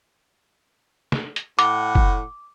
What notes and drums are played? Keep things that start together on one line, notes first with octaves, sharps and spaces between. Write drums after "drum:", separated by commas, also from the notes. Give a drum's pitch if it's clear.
drum: snare
drum: hi-hat
A2 F#5 D6, drum: hi-hat
drum: kick